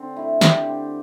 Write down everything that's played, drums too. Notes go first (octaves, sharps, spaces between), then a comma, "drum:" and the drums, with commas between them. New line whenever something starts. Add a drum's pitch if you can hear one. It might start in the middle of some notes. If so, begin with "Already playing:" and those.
Already playing: D3 C4
A3 E4
D3 G4, drum: snare
C4